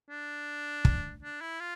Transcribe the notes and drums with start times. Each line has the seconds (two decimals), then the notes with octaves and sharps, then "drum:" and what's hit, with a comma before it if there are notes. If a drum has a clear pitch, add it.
0.10 D4
0.85 drum: kick
1.23 D4
1.41 E4
1.60 F4